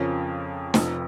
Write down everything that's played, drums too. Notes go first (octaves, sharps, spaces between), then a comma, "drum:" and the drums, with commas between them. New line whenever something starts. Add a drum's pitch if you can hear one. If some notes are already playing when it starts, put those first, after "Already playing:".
Already playing: F2 C#3 F3 C#4 A#4
F1 F2 F3, drum: snare